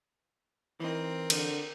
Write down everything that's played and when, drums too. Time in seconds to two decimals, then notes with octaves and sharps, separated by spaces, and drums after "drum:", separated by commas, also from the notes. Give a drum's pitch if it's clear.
0.80 E3 C4 D#4 A#4
1.30 D3, drum: cymbal